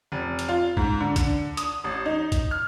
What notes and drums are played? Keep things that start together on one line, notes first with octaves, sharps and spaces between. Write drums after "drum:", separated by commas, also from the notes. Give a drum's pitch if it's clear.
F1
drum: hi-hat
F4
G#2, drum: kick
D3
D3, drum: kick, hi-hat
D#6, drum: hi-hat
A1
D#4
drum: kick, hi-hat
F6